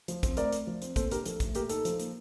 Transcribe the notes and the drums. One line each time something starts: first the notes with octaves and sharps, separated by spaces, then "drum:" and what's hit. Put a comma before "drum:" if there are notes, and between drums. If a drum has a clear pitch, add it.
F3, drum: hi-hat
C4, drum: kick, hi-hat
A2 A#4 D5, drum: hi-hat
A2, drum: hi-hat
F3
C4, drum: hi-hat
A#2 A4 C5, drum: kick, hi-hat
D4 G4 A#4, drum: hi-hat
F3 A4, drum: hi-hat
A3, drum: kick, hi-hat
A#2 G4 A#4, drum: hi-hat
D#4 A4, drum: hi-hat
F3, drum: hi-hat
A#3, drum: hi-hat